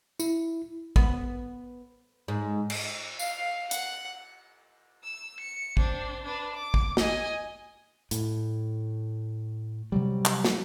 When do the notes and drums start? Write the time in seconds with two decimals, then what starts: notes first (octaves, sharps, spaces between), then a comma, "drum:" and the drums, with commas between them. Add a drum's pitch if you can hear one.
0.20 E4, drum: tambourine
0.96 B3, drum: kick A1
2.28 G#2
2.70 drum: cymbal
3.19 F5, drum: tambourine
3.71 F#5, drum: hi-hat
5.04 E6
5.40 C#7
5.77 C4 D4, drum: kick A1
6.25 D4 B4
6.54 D6
6.74 drum: kick A1
6.97 D#5 G#5, drum: snare
8.11 A2, drum: hi-hat
9.92 C3 F#3 G3
10.25 drum: clap
10.44 drum: snare